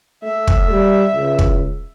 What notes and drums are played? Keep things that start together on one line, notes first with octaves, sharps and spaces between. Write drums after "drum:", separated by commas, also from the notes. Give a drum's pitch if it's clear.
A3 E5
drum: kick
G3
C#2
drum: kick